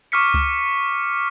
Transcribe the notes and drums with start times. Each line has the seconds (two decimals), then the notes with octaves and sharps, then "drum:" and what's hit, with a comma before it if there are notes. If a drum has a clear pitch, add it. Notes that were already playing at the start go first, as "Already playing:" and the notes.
0.12 C#6 D6 F6 B6 C#7
0.34 drum: kick C#2